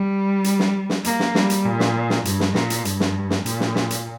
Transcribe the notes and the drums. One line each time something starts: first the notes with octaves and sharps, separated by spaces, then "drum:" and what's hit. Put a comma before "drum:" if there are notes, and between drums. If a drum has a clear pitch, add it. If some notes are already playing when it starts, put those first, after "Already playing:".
Already playing: G3
drum: hi-hat
drum: snare
drum: snare
A#3, drum: hi-hat
drum: snare
G3, drum: snare
drum: hi-hat
A#2
drum: snare
drum: snare
G2, drum: hi-hat
drum: snare
A#2, drum: snare
drum: hi-hat
G2, drum: hi-hat
drum: snare
drum: snare
A#2, drum: hi-hat
drum: snare
drum: snare
drum: hi-hat